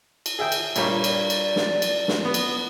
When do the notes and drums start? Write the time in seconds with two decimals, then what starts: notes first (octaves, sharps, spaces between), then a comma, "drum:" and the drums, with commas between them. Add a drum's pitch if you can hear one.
0.26 drum: cymbal
0.39 G#4 E5 G5
0.52 drum: cymbal
0.76 G2 A#2 G3 C#5, drum: cymbal
1.04 D5, drum: cymbal
1.30 drum: cymbal
1.56 drum: snare
1.82 drum: cymbal
2.08 drum: snare
2.25 B3 D#6
2.34 drum: cymbal